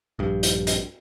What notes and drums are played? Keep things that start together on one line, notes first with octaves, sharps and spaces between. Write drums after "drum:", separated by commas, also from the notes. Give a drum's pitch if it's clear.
A#1 G2
drum: hi-hat
drum: hi-hat